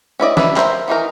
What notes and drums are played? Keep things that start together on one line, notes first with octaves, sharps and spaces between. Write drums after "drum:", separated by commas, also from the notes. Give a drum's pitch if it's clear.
C#4 E4 D5 D#5
D4 B4 E5, drum: snare
A#4 C5 E5, drum: clap
D#3 E3 D#4 A#4